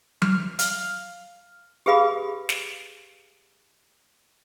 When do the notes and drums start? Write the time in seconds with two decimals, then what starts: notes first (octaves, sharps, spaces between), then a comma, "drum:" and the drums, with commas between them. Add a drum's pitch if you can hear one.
0.22 F6, drum: tom F#3
0.59 F5, drum: hi-hat
1.86 G4 G#4 B4 F5 B5 D#6
2.49 drum: snare